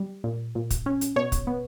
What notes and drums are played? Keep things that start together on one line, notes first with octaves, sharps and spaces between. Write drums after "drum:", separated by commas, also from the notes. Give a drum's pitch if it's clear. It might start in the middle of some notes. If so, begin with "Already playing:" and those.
Already playing: G3
A#2
A#2
drum: kick, hi-hat
C#4
drum: hi-hat
B2 C#5
drum: kick, hi-hat
B3